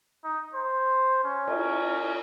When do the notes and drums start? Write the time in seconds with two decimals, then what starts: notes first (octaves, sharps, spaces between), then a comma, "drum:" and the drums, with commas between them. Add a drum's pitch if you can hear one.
0.24 D#4
0.54 C5
1.24 C#4
1.48 drum: cymbal